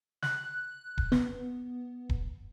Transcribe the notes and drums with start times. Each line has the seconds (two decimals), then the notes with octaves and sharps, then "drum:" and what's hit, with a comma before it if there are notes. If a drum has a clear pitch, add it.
0.23 F#6, drum: snare
0.98 drum: kick D#1
1.12 B3, drum: snare
2.09 drum: kick D#1